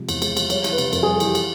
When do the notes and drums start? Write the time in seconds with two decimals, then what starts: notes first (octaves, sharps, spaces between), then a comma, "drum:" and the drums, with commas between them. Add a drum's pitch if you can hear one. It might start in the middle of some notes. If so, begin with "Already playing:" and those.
Already playing: C3 F3 G#3
0.09 E2, drum: cymbal
0.22 G#3, drum: cymbal
0.37 F3, drum: cymbal
0.50 G3 C#5, drum: cymbal
0.64 E3, drum: cymbal
0.72 B4
0.78 C3, drum: cymbal
0.93 F2 A#4, drum: cymbal
1.03 G3 G#4
1.13 A4
1.20 E3 G4, drum: cymbal
1.35 drum: cymbal